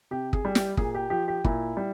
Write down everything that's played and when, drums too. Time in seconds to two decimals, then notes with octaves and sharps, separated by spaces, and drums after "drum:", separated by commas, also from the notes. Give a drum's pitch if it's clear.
0.11 C3 G4
0.33 G#4, drum: kick
0.45 G3
0.55 G4, drum: snare
0.77 A#2 G#4, drum: kick
0.95 G4
1.10 F3 G4
1.28 G4
1.44 A#2 E4, drum: kick
1.77 G3